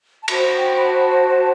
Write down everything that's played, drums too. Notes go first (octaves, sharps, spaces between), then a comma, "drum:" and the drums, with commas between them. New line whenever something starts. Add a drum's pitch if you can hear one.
A5
F#4 C5 B5, drum: cymbal
G5
B5
A5